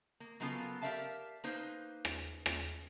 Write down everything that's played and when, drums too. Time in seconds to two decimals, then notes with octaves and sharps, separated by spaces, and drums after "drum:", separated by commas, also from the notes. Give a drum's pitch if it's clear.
0.20 A#3
0.40 C#3 F#3 A#3 B3 F4 A4
0.82 G4 A#4 D5 E5 F5 A5
1.44 A#3 D#4 B4 C5
2.05 drum: rim click
2.46 drum: rim click